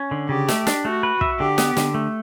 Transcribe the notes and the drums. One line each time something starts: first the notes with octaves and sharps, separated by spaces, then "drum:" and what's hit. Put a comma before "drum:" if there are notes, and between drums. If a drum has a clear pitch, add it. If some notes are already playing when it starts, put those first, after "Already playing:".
Already playing: C#4
D3
C#3 G4
A3, drum: snare
D4, drum: snare
A3 F#4
B4
E5, drum: kick
D3 G4
B3, drum: snare
D3, drum: snare
A3